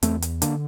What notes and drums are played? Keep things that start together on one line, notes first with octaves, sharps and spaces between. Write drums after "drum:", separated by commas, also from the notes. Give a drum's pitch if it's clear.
E2 A3 C4, drum: hi-hat
drum: hi-hat
D3 A#3 D4, drum: hi-hat